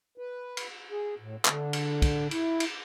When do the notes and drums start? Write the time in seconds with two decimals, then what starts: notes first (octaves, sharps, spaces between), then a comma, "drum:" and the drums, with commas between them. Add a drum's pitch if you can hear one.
0.18 B4
0.57 drum: cymbal
0.91 G#4
1.19 A2
1.45 D3, drum: clap
1.73 drum: cymbal
2.02 drum: kick, cymbal
2.31 E4, drum: cymbal
2.60 drum: cymbal